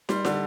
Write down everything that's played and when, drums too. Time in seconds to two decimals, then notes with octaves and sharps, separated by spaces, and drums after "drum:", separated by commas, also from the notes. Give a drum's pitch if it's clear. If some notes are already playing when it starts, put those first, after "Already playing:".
0.09 G3 C6, drum: snare
0.25 D3, drum: snare